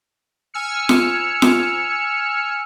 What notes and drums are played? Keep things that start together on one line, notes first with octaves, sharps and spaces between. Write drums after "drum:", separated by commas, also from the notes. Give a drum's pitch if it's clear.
G#5 E6 F6 C#7
drum: snare F4
drum: snare F4